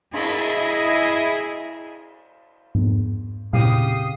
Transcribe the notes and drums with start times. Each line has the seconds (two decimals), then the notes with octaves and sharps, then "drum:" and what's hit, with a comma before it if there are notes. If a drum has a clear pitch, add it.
0.13 E4 G#4 D#5, drum: cymbal
2.75 drum: tom G#2
3.53 C#3 G4 F5 D#6 C7, drum: tom A#2